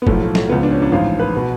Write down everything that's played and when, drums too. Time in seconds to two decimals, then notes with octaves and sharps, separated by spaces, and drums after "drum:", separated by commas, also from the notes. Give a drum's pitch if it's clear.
0.02 B3
0.07 B1 A2 F3 A3, drum: kick
0.22 A3
0.35 A3, drum: snare
0.49 C#2 C#3 F3 B3
0.63 D4
0.71 C#4
0.82 D4
0.92 A1 G#2 F3 F4
1.19 B4
1.36 B2